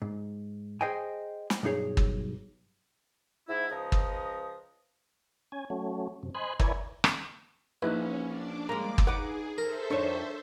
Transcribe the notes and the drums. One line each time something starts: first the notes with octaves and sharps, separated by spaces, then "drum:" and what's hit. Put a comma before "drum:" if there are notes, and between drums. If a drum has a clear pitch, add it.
G#2
G#4 C5 D#5 G5 G#5
drum: snare
B1 G2 D#4 G#4 C#5
drum: kick
G#2 E4
C#2 F3 D#5 A#5 D#6
drum: kick
C#4 G#5
F#3 A3 C#4
F#2 C3
C5 D#5 G#5 B5 C6 F#6
E4 A#4 B4 C#5 D5 G#5, drum: kick
drum: rim click
A#1 C#4 D#4 E4 B4
D4 D5
G#3 A#3 A#5 D6
drum: kick
D#4 G#4 B4 F#5 D6
A4 A#4 C5 E5
F2 D4 D#4 C#5 C#6